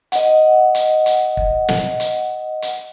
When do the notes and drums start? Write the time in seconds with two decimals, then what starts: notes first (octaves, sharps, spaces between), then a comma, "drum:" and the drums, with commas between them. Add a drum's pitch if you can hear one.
0.12 D#5 F#5, drum: hi-hat
0.75 drum: hi-hat
1.06 drum: hi-hat
1.37 drum: kick
1.68 drum: snare
2.00 drum: hi-hat
2.62 drum: hi-hat